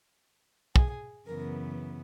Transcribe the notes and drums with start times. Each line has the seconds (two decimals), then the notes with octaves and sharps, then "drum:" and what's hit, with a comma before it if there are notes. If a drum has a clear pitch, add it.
0.76 G#4, drum: kick
1.27 F#2 C#3 E3 B3 A#4